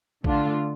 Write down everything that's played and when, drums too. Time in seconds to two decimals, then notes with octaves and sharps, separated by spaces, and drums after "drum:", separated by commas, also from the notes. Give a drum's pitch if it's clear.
0.24 D3 A3 D4 F4, drum: kick A#1